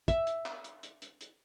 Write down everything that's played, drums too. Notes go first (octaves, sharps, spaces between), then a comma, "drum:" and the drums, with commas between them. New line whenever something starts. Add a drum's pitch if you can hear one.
E5, drum: kick, hi-hat
drum: hi-hat
drum: clap
drum: hi-hat
drum: hi-hat
drum: hi-hat
drum: hi-hat